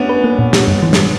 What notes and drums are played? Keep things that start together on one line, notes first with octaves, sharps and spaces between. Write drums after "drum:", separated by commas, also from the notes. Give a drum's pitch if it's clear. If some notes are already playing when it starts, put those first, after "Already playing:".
Already playing: B3 C#4 D4
B4
A#3
A#2
G3, drum: snare
G2
E3
drum: snare